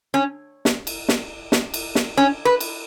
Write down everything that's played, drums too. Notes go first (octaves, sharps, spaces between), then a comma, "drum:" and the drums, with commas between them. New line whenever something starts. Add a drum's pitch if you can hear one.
C#4
drum: snare
drum: cymbal
drum: snare
drum: snare
drum: cymbal
drum: snare
C#4
B4
drum: cymbal